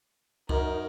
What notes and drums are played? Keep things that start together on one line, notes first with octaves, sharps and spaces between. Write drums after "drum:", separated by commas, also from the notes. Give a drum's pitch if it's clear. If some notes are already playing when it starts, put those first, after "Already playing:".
F#2 D#4 A#4, drum: kick